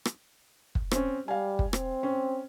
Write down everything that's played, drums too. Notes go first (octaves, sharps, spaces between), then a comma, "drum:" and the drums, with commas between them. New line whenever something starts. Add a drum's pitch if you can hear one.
drum: rim click
drum: kick
C4 C#4, drum: rim click
G3 F5 G#5
drum: kick
C4, drum: rim click
C#4